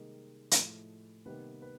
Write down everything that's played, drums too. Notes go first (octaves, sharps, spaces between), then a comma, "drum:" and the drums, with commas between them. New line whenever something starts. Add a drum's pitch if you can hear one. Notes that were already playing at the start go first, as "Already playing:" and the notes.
Already playing: C3 D#3 G3 G#3 A#3 G#4
A2 F3 A3, drum: hi-hat
C3 D#3 G3 A#3 B3 B4
B4